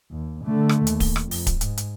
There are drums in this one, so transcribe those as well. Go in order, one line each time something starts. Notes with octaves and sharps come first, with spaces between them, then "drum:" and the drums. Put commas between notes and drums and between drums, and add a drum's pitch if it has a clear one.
D#2
D3 A3
drum: rim click
D#2, drum: hi-hat
drum: kick D1, open hi-hat
drum: rim click
F2, drum: open hi-hat
drum: kick D1, hi-hat
G#2, drum: hi-hat
drum: hi-hat